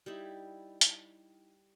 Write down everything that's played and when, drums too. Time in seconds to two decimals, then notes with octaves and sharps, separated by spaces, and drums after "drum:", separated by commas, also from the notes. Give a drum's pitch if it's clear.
0.06 G3 D#4 E4
0.81 drum: hi-hat